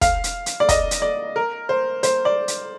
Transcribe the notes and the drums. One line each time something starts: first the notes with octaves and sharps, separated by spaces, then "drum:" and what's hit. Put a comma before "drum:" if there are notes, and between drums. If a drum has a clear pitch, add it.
F5, drum: kick, hi-hat
drum: hi-hat
drum: hi-hat
D5
D#5, drum: kick, hi-hat
drum: hi-hat
D5
A#4
C5
C5, drum: hi-hat
D5
drum: hi-hat